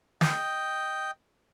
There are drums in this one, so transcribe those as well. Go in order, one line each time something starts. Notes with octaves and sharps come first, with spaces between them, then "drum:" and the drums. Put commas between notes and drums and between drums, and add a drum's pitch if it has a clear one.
D#5 G5, drum: snare